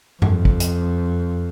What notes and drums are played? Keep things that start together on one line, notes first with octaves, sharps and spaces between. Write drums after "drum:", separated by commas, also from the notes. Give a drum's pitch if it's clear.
F2, drum: tom
drum: kick
drum: hi-hat